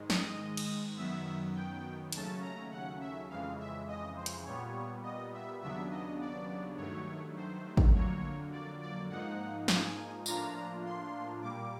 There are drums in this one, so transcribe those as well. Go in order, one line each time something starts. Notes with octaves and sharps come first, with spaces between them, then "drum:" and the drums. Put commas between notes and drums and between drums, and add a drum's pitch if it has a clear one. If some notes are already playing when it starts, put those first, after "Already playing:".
Already playing: G#2 D#3 G#3
D#5, drum: snare
drum: cymbal
F#2 D#3 F#3 B3 E5
G5
D#2 C#3 F#3 A3 C#4 A5, drum: hi-hat
A#5
F#5
E5
F2 C#3 E3 G#3 F5
E5
D#5
C5
drum: hi-hat
A#2 G3 B3 C#5
D#5
E5
D#2 C#3 F#3 B3 D4 E5
D#5
D5
G2 D#3 F#3 A3 C#5
C5
drum: kick
F2 D3 F#3 A#3 C#5
D5
D5
G#2 F3 A#3 D#4 F#5
G#5, drum: snare
A2 F3 A#3 D4 F4 A#5, drum: tambourine
C6
A#2 G3 A#3 D6